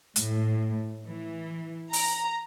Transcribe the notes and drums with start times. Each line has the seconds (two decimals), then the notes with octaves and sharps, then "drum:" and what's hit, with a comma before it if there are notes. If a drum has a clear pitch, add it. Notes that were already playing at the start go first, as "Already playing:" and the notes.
0.16 A2, drum: hi-hat
1.06 E3
1.93 A#5, drum: open hi-hat